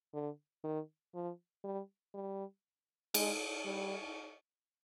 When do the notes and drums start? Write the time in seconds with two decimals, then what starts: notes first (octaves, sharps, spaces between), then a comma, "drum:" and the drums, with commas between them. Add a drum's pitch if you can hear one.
0.14 D3
0.64 D#3
1.14 F3
1.64 G3
2.14 G3
3.14 G#3, drum: cymbal
3.65 G3